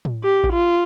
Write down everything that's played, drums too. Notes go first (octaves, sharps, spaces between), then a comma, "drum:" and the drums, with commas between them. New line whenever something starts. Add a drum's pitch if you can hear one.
drum: tom A2
G4
drum: kick A1
F4